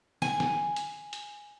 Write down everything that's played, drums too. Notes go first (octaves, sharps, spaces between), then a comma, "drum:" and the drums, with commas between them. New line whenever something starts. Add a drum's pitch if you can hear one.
G#5, drum: snare
drum: snare
drum: hi-hat
drum: hi-hat